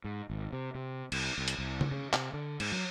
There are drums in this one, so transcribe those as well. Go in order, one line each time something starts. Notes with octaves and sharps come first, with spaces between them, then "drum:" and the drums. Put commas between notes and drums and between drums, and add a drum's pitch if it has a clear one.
G#2
G#1
C3
C3
C2, drum: cymbal
C2
drum: hi-hat
C2
drum: tom C#3
C#3
C3, drum: clap
D3
G#2, drum: cymbal
F#3